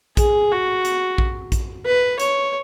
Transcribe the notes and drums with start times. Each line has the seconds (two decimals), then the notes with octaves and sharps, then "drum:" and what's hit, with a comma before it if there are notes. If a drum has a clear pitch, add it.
0.17 G#4, drum: kick A#1, hi-hat
0.51 F#4
0.85 drum: hi-hat
1.18 drum: kick A#1
1.52 drum: kick A#1, hi-hat
1.85 B4
2.19 C#5, drum: hi-hat